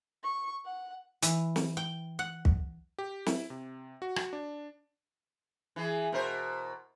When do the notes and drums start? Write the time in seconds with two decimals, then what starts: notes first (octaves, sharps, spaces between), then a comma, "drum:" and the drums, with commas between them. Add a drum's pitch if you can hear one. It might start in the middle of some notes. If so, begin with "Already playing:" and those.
0.23 C#6
0.65 F#5
1.22 E3, drum: hi-hat
1.56 drum: snare
1.77 G5
2.19 F#5
2.45 drum: kick
2.99 G4
3.26 E4, drum: snare
3.50 C3
4.02 F#4
4.16 drum: rim click
4.33 D4
5.76 E3 G#4
6.12 B2 A#4 C5